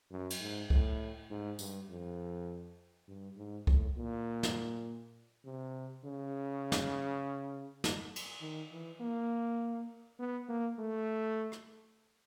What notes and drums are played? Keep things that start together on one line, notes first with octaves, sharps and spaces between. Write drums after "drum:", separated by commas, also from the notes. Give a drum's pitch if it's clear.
F#2
drum: cymbal
G#2
A2, drum: kick C2
G#2
G2, drum: tambourine
F2
G2
G#2
A2, drum: kick C2
A#2
drum: snare
C3
C#3
drum: snare
drum: snare
drum: cymbal
D#3
E3
A#3
B3
A#3
A3
drum: rim click